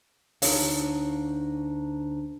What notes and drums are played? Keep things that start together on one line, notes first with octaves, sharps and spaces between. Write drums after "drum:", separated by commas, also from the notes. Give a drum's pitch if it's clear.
D2 D4 D#4 C#5 F5, drum: open hi-hat